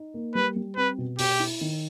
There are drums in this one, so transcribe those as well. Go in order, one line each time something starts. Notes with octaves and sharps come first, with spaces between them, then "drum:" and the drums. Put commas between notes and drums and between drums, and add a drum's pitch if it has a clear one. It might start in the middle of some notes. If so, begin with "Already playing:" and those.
Already playing: D#4
A#3
G3 B4
G3
C4 B4
B2
B2 G4, drum: open hi-hat
E4
D#3